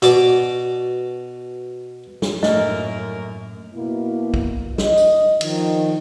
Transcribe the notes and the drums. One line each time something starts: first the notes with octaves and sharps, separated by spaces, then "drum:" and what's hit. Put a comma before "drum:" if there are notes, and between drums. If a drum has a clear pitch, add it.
B2 D5 D6, drum: hi-hat
drum: snare
F#2 A2 A3 A#3 A#4 D#5, drum: snare
B2 A#3 E4
drum: kick
D#5, drum: snare
drum: tambourine
D#3 F3, drum: cymbal